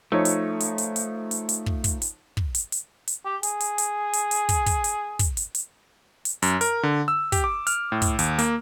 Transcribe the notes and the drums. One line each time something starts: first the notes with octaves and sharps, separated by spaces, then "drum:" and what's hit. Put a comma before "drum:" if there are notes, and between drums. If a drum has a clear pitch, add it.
F3 A3 D#4 C#5
drum: hi-hat
drum: hi-hat
drum: hi-hat
drum: hi-hat
drum: hi-hat
drum: hi-hat
drum: kick
drum: kick, hi-hat
drum: hi-hat
drum: kick
drum: hi-hat
drum: hi-hat
drum: hi-hat
G4
G#4, drum: hi-hat
drum: hi-hat
drum: hi-hat
drum: hi-hat
drum: hi-hat
drum: kick, hi-hat
drum: kick, hi-hat
drum: hi-hat
drum: kick, hi-hat
drum: hi-hat
drum: hi-hat
drum: hi-hat
F#2, drum: hi-hat
A#4, drum: hi-hat
D3
E6
G4, drum: kick, hi-hat
D6
F6, drum: hi-hat
A2
drum: kick, hi-hat
D#2, drum: hi-hat
A#3, drum: hi-hat